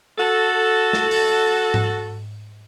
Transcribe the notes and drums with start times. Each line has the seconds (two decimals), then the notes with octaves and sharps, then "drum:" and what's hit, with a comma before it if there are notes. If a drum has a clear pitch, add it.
0.18 F#4 A4
0.93 drum: snare
1.11 drum: open hi-hat
1.74 drum: tom G#2